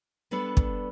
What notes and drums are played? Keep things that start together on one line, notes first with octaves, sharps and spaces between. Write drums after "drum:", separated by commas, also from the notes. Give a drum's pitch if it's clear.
G3 B3 D4 A4 B4
drum: kick